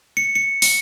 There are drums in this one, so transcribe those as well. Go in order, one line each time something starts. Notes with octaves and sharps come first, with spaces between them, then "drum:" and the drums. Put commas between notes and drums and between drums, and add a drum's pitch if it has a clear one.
C#7
C#7
C#7, drum: open hi-hat